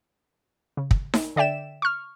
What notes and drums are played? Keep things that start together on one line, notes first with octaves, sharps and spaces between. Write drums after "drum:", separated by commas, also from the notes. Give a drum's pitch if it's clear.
C#3
drum: kick
drum: snare D#4
D3 D5 E5 G5 E7
C#6 F6